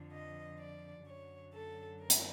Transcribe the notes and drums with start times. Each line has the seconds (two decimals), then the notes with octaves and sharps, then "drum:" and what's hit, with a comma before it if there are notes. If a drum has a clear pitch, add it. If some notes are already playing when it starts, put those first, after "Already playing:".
Already playing: F2 D3 F3
0.12 D#5
0.59 D5
1.06 F#2 D3 F#3 C#5
1.54 A4
2.01 A#4
2.10 drum: hi-hat